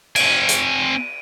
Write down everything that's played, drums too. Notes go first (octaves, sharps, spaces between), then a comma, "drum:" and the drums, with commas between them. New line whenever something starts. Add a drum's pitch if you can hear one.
C4 G#5 D7 D#7, drum: cymbal
drum: hi-hat